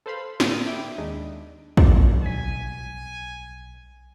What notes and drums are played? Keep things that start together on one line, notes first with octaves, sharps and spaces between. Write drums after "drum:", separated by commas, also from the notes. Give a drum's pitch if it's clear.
A4 B4 C5 F5 B5 C6
A2 D3 A#3 D#6 F#6, drum: snare
E4 E5 G5 B5 D6 D#7
D#2 G#3 D4 D#4
G#1 A2 D3 E4 F4 D5, drum: kick
B1 G#5 B6